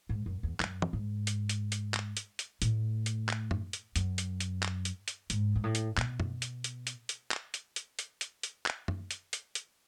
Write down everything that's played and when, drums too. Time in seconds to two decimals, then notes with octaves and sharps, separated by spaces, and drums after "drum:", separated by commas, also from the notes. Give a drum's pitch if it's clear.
0.09 G#2
0.26 F#2
0.43 E2
0.60 F#2, drum: clap
0.82 drum: tom
0.93 G#2
1.27 drum: hi-hat
1.49 drum: hi-hat
1.72 drum: hi-hat
1.94 drum: clap
2.17 drum: hi-hat
2.39 drum: hi-hat
2.62 A2, drum: hi-hat
3.06 drum: hi-hat
3.29 drum: clap
3.51 drum: tom F#2
3.73 drum: hi-hat
3.96 F#2, drum: hi-hat
4.18 drum: hi-hat
4.40 drum: hi-hat
4.63 drum: clap
4.85 drum: hi-hat
5.08 drum: hi-hat
5.30 G#2, drum: hi-hat
5.55 G#2
5.64 A2
5.75 drum: hi-hat
5.97 B2, drum: clap
6.20 drum: tom F#2
6.42 drum: hi-hat
6.64 drum: hi-hat
6.87 drum: hi-hat
7.09 drum: hi-hat
7.31 drum: clap
7.54 drum: hi-hat
7.76 drum: hi-hat
7.99 drum: hi-hat
8.21 drum: hi-hat
8.43 drum: hi-hat
8.66 drum: clap
8.88 drum: tom F#2
9.11 drum: hi-hat
9.33 drum: hi-hat
9.55 drum: hi-hat